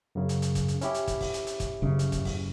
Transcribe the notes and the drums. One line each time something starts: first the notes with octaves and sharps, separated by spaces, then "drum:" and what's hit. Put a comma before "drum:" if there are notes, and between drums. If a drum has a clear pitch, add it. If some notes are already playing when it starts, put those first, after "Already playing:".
F#2 C#3
drum: hi-hat
drum: hi-hat
drum: kick, hi-hat
drum: hi-hat
C#4 E4 G4, drum: hi-hat
drum: hi-hat
drum: kick, hi-hat
drum: kick, open hi-hat
drum: hi-hat
drum: hi-hat
drum: kick, hi-hat
F#1 C#3
drum: hi-hat
drum: kick, hi-hat
drum: kick, open hi-hat